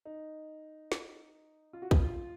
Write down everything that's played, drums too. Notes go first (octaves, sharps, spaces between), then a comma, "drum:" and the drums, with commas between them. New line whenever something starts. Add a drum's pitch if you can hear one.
D#4
drum: snare
F4
F#4
F4, drum: kick
F4